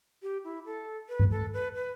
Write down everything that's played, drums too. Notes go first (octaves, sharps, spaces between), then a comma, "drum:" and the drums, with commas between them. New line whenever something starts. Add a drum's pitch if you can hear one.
G4
E4
A4
B4
drum: tom G2
A4
B4
B4